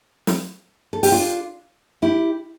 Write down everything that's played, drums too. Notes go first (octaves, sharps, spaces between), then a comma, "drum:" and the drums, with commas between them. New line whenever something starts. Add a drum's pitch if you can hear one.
drum: snare
A4
G4, drum: open hi-hat
D4 F4
E4 G4